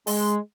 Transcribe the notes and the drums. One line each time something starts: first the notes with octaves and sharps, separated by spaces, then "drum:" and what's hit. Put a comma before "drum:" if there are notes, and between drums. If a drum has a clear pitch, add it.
G#3, drum: open hi-hat